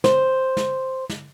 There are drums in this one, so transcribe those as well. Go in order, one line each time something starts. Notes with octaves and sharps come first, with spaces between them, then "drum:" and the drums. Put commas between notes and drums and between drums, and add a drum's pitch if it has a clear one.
C5, drum: snare
drum: snare
drum: snare